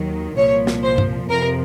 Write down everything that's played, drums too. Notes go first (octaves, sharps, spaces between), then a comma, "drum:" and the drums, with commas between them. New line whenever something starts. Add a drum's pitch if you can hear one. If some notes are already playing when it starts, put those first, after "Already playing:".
Already playing: D#2 D#3 F#3
C2 A#2 F3 C#5
drum: snare
C5
drum: tom G2
F2 C3 F3 A#4